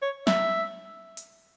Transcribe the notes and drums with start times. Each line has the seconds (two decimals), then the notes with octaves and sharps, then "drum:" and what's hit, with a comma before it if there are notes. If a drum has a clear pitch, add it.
0.02 C#5
0.27 E5, drum: snare
1.17 drum: hi-hat